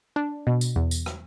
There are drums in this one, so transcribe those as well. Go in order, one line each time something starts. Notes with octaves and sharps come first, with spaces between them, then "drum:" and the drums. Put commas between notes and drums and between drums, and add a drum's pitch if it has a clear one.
D4
B2
drum: tambourine
E2
drum: tambourine
drum: rim click